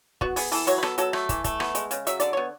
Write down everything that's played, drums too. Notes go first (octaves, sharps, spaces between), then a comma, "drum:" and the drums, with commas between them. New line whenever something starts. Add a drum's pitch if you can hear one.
B3 F#4, drum: kick
B3 G#4, drum: open hi-hat
E3 A4, drum: open hi-hat
F#3 C#5, drum: hi-hat
B4
B3 A4, drum: rim click
F#3 A4, drum: hi-hat
A3, drum: rim click
E3, drum: kick, hi-hat
A3, drum: kick, hi-hat
B3, drum: rim click
G#3, drum: hi-hat
C#3, drum: hi-hat
F#3 E5, drum: hi-hat
D3 D5, drum: hi-hat
B3 C#5